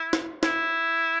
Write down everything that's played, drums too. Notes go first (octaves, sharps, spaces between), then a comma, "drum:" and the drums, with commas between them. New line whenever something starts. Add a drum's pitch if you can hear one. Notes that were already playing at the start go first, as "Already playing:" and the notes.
Already playing: E4
drum: snare
E4, drum: snare